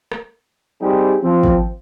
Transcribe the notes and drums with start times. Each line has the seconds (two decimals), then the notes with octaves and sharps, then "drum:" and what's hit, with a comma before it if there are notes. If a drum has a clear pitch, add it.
0.12 drum: rim click
0.81 G3 C4 D#4 G4 G#4
1.22 F3 C4
1.43 drum: kick